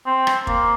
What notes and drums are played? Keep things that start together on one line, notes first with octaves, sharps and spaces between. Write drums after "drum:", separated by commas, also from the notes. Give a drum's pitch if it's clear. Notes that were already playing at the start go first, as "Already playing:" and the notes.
C4
drum: rim click
A#3, drum: kick